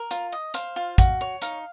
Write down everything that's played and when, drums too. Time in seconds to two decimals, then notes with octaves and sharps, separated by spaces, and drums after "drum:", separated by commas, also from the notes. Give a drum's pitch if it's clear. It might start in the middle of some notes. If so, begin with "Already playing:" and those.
Already playing: A#4
0.11 F4, drum: hi-hat
0.33 D#5
0.54 C5 F5, drum: hi-hat
0.76 F4
0.98 F#4, drum: kick, hi-hat
1.21 C#5
1.42 D#4 F5, drum: hi-hat